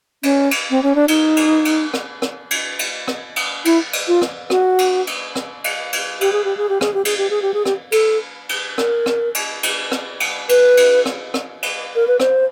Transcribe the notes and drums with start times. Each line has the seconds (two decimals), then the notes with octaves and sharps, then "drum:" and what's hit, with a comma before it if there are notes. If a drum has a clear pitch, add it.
0.23 C#4, drum: cymbal
0.51 drum: cymbal
0.70 C4
0.83 C#4
0.95 D4
1.08 D#4, drum: cymbal
1.37 drum: cymbal
1.65 drum: cymbal
1.94 drum: rim click
2.22 drum: rim click
2.51 drum: cymbal
2.79 drum: cymbal
3.08 drum: rim click
3.36 drum: cymbal
3.65 E4, drum: cymbal
3.93 drum: cymbal
4.08 F4
4.22 drum: rim click
4.50 F#4, drum: rim click
4.79 drum: cymbal
5.07 drum: cymbal
5.36 drum: rim click
5.64 drum: cymbal
5.93 drum: cymbal
6.21 G4, drum: cymbal
6.32 G#4
6.45 G4
6.57 G#4
6.69 G4
6.81 G#4, drum: rim click
6.94 G4
7.05 G#4, drum: cymbal
7.18 G4
7.30 G#4
7.42 G4
7.54 G#4
7.65 G4, drum: rim click
7.92 A4, drum: cymbal
8.49 drum: cymbal
8.78 A#4, drum: rim click
9.06 drum: rim click
9.35 drum: cymbal
9.63 drum: cymbal
9.92 drum: rim click
10.20 drum: cymbal
10.49 B4, drum: cymbal
10.77 drum: cymbal
11.06 drum: rim click
11.34 drum: rim click
11.63 drum: cymbal
11.95 A#4
12.07 B4
12.20 C5, drum: rim click